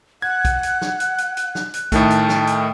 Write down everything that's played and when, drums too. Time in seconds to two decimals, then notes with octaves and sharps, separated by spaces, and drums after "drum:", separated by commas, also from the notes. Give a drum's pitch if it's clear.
0.22 F#5 F#6 G#6
0.45 drum: kick, hi-hat
0.63 drum: hi-hat
0.81 drum: snare
1.00 drum: hi-hat
1.18 drum: hi-hat
1.37 drum: hi-hat
1.55 drum: snare
1.74 drum: hi-hat
1.92 A2 D#3 A3 G5 A5, drum: kick, hi-hat
2.10 drum: hi-hat
2.29 drum: snare
2.47 drum: hi-hat